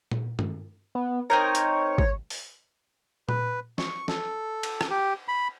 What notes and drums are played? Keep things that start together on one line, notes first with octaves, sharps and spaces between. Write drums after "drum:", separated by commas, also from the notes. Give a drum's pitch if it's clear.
drum: tom A#2
drum: tom
B3
C4 D#4 A#4 C#5
drum: hi-hat
C#5, drum: kick G#1
drum: open hi-hat
B4, drum: tom A#2
C#6, drum: snare
A4, drum: snare
drum: cymbal
drum: rim click
G4
B5